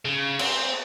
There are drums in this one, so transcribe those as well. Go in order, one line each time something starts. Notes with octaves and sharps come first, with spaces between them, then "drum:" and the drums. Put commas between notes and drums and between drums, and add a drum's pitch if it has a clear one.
C#3
C4, drum: cymbal